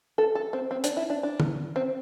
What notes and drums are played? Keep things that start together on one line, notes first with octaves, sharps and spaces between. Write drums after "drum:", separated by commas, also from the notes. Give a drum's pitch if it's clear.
A4
A4
C4
C4
D4, drum: hi-hat
E4
D4
D4
drum: tom
C4